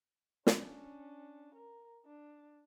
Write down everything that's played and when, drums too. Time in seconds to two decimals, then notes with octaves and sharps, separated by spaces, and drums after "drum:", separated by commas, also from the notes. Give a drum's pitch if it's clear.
0.47 C#4 D4, drum: snare
1.55 A#4
2.05 D4